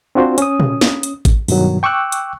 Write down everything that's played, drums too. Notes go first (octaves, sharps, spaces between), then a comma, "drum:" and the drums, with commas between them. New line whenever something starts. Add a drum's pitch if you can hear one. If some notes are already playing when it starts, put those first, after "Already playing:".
C4 D4 F4 F#4 C5
C#4 D#6, drum: hi-hat
drum: tom A#2
drum: snare
drum: hi-hat
drum: kick G#1, hi-hat
G2 B2 D#3 F#3, drum: open hi-hat
G5 C#6 D6 E6 F#6
drum: hi-hat